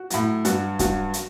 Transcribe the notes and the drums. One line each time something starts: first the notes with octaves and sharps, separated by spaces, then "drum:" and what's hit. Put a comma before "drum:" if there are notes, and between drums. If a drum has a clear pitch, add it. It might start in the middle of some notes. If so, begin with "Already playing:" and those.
Already playing: F#4
A2 F#3, drum: hi-hat
G2 F#3 F#4, drum: hi-hat
G2 F#3 F#4, drum: kick, hi-hat
drum: hi-hat